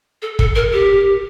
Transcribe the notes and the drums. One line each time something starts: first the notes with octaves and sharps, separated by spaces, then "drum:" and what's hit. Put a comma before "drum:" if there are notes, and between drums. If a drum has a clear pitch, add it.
A4
A4, drum: kick
A#4
G4